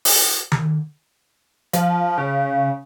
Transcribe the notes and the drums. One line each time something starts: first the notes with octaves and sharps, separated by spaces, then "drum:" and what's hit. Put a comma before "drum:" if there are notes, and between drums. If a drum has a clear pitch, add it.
drum: open hi-hat
drum: tom D#3
F3, drum: hi-hat
C#3